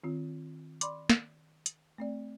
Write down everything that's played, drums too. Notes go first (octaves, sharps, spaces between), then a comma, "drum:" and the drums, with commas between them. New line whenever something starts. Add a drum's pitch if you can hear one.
D#3 C4 F4
D5 B5 C6 D6, drum: hi-hat
drum: snare
drum: hi-hat
A3 C4 D5